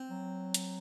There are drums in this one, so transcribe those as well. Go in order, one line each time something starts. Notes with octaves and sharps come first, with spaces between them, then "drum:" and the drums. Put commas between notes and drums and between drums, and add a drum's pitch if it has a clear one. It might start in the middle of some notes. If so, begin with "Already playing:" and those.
Already playing: C4
F#3
drum: hi-hat